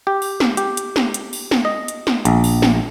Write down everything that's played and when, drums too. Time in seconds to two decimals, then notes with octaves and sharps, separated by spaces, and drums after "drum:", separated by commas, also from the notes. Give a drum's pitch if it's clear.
0.07 G4
0.22 drum: open hi-hat
0.40 drum: snare
0.57 G4, drum: hi-hat
0.77 drum: hi-hat
0.96 drum: snare
1.14 drum: hi-hat
1.33 drum: open hi-hat
1.51 drum: snare
1.65 D#5
1.88 drum: hi-hat
2.07 drum: snare
2.25 A#1, drum: hi-hat
2.44 drum: open hi-hat
2.62 drum: snare